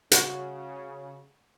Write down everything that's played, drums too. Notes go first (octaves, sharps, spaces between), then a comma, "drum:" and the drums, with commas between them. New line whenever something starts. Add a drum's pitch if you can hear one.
C#3 F#4, drum: hi-hat